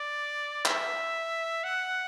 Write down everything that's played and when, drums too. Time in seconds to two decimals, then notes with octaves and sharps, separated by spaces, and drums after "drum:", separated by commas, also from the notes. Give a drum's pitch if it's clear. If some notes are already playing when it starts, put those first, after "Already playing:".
Already playing: D5
0.65 E5, drum: clap
1.64 F#5